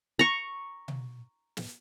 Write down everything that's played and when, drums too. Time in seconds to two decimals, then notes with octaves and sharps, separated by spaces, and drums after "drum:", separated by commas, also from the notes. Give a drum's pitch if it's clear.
0.19 A#5 C#6
0.88 drum: tom B2
1.57 drum: snare